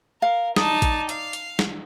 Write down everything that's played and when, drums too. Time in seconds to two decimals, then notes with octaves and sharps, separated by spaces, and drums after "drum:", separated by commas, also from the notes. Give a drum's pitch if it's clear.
0.22 A#4 F5
0.56 D#4 D5 A5 D#6, drum: snare
0.82 drum: kick A1, hi-hat
1.09 F5, drum: hi-hat
1.33 drum: hi-hat
1.59 drum: snare